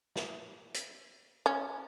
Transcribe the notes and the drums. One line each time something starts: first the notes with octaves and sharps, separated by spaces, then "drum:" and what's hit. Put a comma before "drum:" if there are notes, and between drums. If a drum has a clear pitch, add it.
drum: snare
drum: hi-hat
C#4